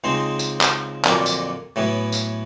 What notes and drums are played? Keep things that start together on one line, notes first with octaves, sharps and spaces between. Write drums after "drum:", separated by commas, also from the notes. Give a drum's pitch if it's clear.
C#2 G#3 C4 D#4 C5
drum: tambourine
drum: clap
F2 A#2 D3 F#3 A#3 F4, drum: clap
drum: tambourine
A2 E3 F#3 B3 E4
drum: tambourine